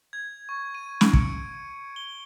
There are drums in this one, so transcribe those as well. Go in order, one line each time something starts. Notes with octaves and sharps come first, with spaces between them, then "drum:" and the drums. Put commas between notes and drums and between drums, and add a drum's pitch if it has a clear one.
G#6
C#6
D#7
D7, drum: snare
C#7, drum: kick
G7